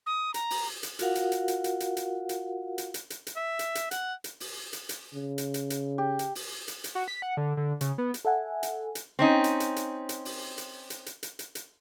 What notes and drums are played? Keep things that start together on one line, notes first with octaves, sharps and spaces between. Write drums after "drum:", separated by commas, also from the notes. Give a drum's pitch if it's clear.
D#6
A#5, drum: hi-hat
drum: open hi-hat
drum: hi-hat
F4 F#4 A#4 F5 F#5, drum: hi-hat
drum: hi-hat
drum: hi-hat
drum: hi-hat
drum: hi-hat
drum: hi-hat
drum: hi-hat
drum: hi-hat
drum: hi-hat
drum: hi-hat
drum: hi-hat
drum: hi-hat
E5
drum: hi-hat
drum: hi-hat
F#5, drum: hi-hat
drum: hi-hat
drum: open hi-hat
drum: hi-hat
drum: hi-hat
C#3
drum: hi-hat
drum: hi-hat
drum: hi-hat
G4
drum: hi-hat
drum: open hi-hat
drum: hi-hat
drum: hi-hat
F#4
B6
F#5
D3
D3
C#3, drum: hi-hat
B3
drum: hi-hat
A4 E5 F#5 G#5
drum: hi-hat
drum: hi-hat
C4 C#4 D#4
drum: hi-hat
drum: hi-hat
drum: hi-hat
drum: hi-hat
drum: open hi-hat
drum: hi-hat
drum: hi-hat
drum: hi-hat
drum: hi-hat
drum: hi-hat
drum: hi-hat